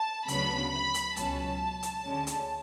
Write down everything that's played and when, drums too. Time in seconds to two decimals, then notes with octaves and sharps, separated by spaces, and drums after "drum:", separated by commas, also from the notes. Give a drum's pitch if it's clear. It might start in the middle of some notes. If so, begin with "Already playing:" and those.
Already playing: A5
0.28 D2 C#3 F#3 B3 D4 B5, drum: hi-hat
0.72 B5
0.94 drum: hi-hat
1.16 C#2 B2 F#3 C#4 A5, drum: hi-hat
1.83 drum: hi-hat
2.05 D2 D3 G#3 C#4
2.27 drum: hi-hat